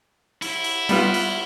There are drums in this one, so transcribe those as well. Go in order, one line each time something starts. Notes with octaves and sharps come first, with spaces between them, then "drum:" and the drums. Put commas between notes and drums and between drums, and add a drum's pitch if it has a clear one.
E4, drum: cymbal
drum: cymbal
G3 B3 F4, drum: cymbal
drum: cymbal